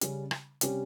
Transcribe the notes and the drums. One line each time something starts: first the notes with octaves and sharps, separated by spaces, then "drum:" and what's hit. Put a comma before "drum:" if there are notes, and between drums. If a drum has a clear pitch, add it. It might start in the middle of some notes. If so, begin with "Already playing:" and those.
C#3 G3 C#4, drum: hi-hat
drum: rim click
C3 G3 C#4 G4, drum: hi-hat